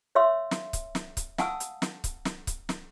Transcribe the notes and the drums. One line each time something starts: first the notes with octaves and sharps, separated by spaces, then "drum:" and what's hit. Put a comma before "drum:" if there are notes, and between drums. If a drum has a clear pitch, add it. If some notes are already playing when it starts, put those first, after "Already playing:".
C#5 E5 F5 C6 E6
drum: snare
drum: kick C#1, hi-hat
drum: snare
drum: kick C#1, hi-hat
F5 F#5 G#5 A5 D#6 E6, drum: snare
drum: hi-hat
drum: snare
drum: kick C#1, hi-hat
drum: snare
drum: kick C#1, hi-hat
drum: snare